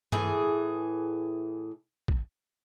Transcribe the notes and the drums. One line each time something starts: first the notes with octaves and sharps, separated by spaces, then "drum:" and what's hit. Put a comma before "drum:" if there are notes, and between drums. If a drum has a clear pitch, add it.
A2 E3 G#4, drum: tom G2
drum: kick A#1